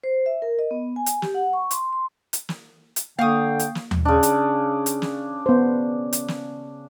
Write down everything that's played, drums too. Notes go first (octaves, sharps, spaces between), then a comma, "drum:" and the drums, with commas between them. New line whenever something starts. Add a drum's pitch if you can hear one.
C5
E5
A#4
D#5
B3
G#5
drum: hi-hat
G4, drum: snare
F#5
C#6
C6, drum: hi-hat
C6
drum: hi-hat
drum: snare
drum: hi-hat
D3 A#3 F5 G5 C#6 D#6
drum: hi-hat
drum: snare
drum: tom D#2
C#3 D4
drum: hi-hat
drum: hi-hat
drum: snare
B3 C5
drum: hi-hat
drum: snare